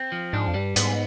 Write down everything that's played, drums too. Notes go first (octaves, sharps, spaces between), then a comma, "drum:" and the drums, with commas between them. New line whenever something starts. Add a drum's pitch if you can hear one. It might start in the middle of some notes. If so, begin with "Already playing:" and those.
Already playing: C4
F3
G#2 D4
F2
G2 G3
G#2 B3, drum: hi-hat